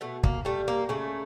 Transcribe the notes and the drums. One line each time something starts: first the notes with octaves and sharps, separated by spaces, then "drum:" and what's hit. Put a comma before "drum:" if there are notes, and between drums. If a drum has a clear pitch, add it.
B2 A3
A#3, drum: kick
G3 A3
A#3
C#3 A3